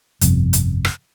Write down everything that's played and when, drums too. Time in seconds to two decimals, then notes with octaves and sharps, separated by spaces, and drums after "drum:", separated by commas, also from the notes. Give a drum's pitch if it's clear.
0.21 G1 F2 C3, drum: hi-hat
0.53 drum: hi-hat
0.85 drum: rim click